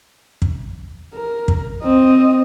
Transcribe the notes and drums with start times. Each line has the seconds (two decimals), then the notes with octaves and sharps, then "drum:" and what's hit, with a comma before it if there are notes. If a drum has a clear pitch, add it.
0.42 drum: kick
1.14 A#4
1.48 drum: kick
1.83 C4 D#5